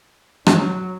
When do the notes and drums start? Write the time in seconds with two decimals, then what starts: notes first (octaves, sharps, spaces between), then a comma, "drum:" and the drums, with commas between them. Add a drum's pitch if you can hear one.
0.47 F#3, drum: rim click